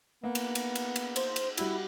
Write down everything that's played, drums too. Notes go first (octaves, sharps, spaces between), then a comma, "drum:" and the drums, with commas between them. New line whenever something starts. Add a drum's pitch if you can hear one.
A#3 B3
drum: cymbal
drum: cymbal
drum: cymbal
drum: cymbal
C5, drum: cymbal
drum: cymbal
G3 E4 F#4, drum: cymbal